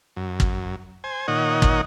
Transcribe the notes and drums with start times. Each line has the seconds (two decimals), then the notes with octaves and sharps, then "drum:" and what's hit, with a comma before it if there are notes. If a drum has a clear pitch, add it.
0.16 F#2
0.40 drum: kick
1.04 C5 G#5
1.28 A#2 D#3 C#5 D#5 F#5
1.62 drum: kick